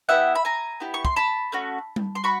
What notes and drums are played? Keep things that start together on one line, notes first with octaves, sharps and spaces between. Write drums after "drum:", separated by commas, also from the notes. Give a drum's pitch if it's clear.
B3 E4 G4 E5 F#5
B5
G#5 A#5
B3 E4 G4
C#6
C6, drum: kick
A5 B5
A3 C#4 F#4
drum: tom G3
C6
F#4 B5 C#6